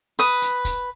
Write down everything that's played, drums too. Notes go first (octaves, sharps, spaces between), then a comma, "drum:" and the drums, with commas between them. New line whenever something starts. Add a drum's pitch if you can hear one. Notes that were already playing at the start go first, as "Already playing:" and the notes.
B4 D#6, drum: hi-hat
drum: hi-hat
drum: kick, hi-hat